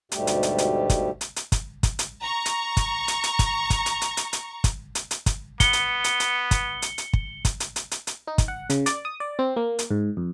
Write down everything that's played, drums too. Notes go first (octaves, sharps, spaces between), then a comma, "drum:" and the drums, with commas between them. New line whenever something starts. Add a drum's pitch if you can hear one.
D2 G#2 B2 G3 A3 G4, drum: hi-hat
drum: hi-hat
drum: hi-hat
drum: hi-hat
drum: kick, hi-hat
drum: hi-hat
drum: hi-hat
drum: kick, hi-hat
drum: kick, hi-hat
drum: hi-hat
A#5 C#6
drum: hi-hat
drum: kick, hi-hat
drum: hi-hat
drum: hi-hat
drum: kick, hi-hat
drum: kick, hi-hat
drum: hi-hat
drum: hi-hat
drum: hi-hat
drum: hi-hat
drum: kick, hi-hat
drum: hi-hat
drum: hi-hat
drum: kick, hi-hat
B3 C#7 G7, drum: kick, hi-hat
drum: hi-hat
drum: hi-hat
drum: hi-hat
drum: kick, hi-hat
drum: hi-hat
drum: hi-hat
drum: kick
drum: kick, hi-hat
drum: hi-hat
drum: hi-hat
drum: hi-hat
drum: hi-hat
D#4
drum: kick, hi-hat
F#5
C#3, drum: hi-hat
D5, drum: hi-hat
D#6
D5
C4
A#3
drum: hi-hat
G#2
F2